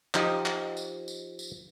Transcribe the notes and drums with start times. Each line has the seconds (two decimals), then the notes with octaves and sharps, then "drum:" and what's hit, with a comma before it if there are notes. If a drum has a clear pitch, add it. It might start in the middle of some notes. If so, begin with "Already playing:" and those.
0.14 F3 D#4 G4 D#5, drum: clap
0.46 drum: clap
0.77 drum: tambourine
1.08 drum: tambourine
1.39 drum: tambourine